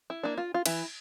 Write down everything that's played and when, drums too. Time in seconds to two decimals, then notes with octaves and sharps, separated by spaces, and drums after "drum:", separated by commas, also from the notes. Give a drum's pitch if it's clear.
0.10 E4
0.23 A#3 D4
0.38 F4
0.54 F4
0.66 E3 E4, drum: cymbal